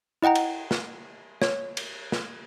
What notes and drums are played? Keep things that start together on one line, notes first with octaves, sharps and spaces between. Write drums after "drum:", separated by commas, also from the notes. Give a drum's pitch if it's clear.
E4 D#5 F#5 G5 A#5
drum: cymbal
drum: snare
C#5, drum: snare
drum: cymbal
drum: snare